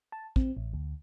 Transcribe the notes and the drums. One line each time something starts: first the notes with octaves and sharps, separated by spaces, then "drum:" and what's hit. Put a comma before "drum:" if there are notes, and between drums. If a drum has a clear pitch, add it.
A5
C4, drum: kick
A1
D2